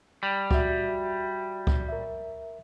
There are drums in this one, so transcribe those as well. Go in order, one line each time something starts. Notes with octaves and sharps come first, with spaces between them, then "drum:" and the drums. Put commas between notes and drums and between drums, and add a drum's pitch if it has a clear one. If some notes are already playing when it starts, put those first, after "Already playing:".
G3
F#4 E5, drum: kick C#2
drum: kick C#2
A#4 E5